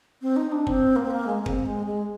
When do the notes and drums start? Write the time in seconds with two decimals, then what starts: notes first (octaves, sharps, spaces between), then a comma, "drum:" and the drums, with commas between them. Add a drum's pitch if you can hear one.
0.22 C4
0.36 D#4
0.52 D4
0.67 C4, drum: kick
0.96 A#3
1.03 C4
1.11 A#3
1.26 G#3
1.41 A#3
1.46 C4, drum: kick
1.66 G#3
1.86 G#3